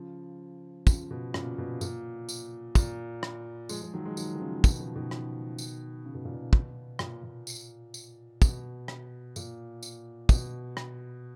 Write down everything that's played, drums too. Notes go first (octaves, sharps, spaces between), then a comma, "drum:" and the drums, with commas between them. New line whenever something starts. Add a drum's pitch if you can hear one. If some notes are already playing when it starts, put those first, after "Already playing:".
Already playing: C#3 F3
C#3 F3, drum: kick, tambourine
B2
A#2 C#3, drum: rim click
B2
A#2, drum: tambourine
drum: tambourine
A#2, drum: kick, tambourine
drum: rim click
F3 G#3, drum: tambourine
F3 G#3
D#3 F#3
F3 G#3
D#3 F#3, drum: tambourine
D#3
C#3 F3
B2 D#3, drum: kick, tambourine
C#3 F3
B2 D#3
drum: rim click
drum: tambourine
C#3
B2
A#2
B2
drum: kick
A#2, drum: rim click
A#2
drum: tambourine
drum: tambourine
B2, drum: kick, tambourine
drum: rim click
A#2, drum: tambourine
drum: tambourine
B2, drum: kick, tambourine
drum: rim click